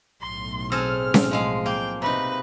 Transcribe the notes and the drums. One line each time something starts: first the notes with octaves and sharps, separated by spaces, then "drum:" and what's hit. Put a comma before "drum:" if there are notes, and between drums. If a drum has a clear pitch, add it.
B1 A2 C6
C4 G#4 A4 F6
drum: snare C#4
F3 G#3 F5
A#3 G5
C3 D#4 B4